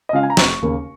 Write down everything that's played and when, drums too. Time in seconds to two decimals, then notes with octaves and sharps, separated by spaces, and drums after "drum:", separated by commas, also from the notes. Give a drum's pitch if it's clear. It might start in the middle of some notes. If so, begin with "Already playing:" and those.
0.09 D#5
0.13 C#3 G#3 F4 F5
0.23 G#5
0.30 A#5
0.37 F1 C#6, drum: snare
0.62 D#2 C#3 A#3